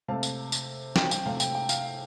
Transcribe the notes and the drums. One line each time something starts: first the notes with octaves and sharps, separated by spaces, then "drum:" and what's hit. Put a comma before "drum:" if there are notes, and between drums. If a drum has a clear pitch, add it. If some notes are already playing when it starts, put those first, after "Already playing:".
C3 A3 F5 A5
drum: tambourine
drum: tambourine
G5, drum: snare
G5, drum: tambourine
C3 A3 F5
G5, drum: tambourine
G5
F5, drum: tambourine